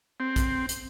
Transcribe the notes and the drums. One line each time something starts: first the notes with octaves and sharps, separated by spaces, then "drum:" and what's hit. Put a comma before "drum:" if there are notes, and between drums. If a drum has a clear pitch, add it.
C4
drum: kick A#1, hi-hat
drum: hi-hat